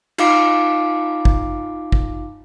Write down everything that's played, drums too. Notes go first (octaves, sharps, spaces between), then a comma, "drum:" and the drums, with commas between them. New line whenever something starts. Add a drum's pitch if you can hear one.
D#4 F4 F5 D6 C7 D7, drum: cymbal
drum: kick
drum: kick